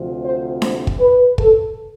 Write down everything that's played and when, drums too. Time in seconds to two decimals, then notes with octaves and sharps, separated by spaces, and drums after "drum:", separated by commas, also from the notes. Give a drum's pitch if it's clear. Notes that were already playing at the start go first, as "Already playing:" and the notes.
Already playing: D2 C3 F3
0.24 C5
0.62 C5, drum: snare D4
0.87 drum: kick
1.00 B4
1.38 A4, drum: kick